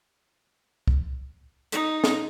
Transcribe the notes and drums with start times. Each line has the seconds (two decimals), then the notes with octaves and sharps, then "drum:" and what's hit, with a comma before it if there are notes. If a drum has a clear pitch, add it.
0.87 drum: kick C2
1.72 D#4, drum: hi-hat
2.04 drum: snare